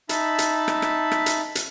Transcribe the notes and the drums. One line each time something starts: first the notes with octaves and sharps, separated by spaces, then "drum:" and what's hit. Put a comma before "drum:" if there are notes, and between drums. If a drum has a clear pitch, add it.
D#4 E5 A5 B5, drum: hi-hat
drum: hi-hat
drum: rim click
drum: rim click
drum: rim click
drum: hi-hat
drum: hi-hat